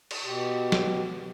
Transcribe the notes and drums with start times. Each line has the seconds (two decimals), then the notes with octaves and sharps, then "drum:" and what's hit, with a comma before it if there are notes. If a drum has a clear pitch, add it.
0.11 drum: cymbal
0.24 B2 G4
0.72 drum: snare